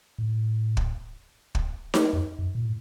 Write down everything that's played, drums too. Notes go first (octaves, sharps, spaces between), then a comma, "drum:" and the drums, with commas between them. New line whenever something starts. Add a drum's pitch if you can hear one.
A2
drum: kick
drum: kick
drum: snare D#4
F2
F#2
A#2
A2